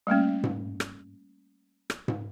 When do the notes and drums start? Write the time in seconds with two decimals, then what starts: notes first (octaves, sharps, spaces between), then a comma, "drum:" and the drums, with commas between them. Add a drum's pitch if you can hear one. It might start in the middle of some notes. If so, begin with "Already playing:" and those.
0.07 G3 A3 A#3 C#4
0.43 drum: tom G#2
0.80 drum: rim click
1.90 drum: rim click
2.08 drum: tom G#2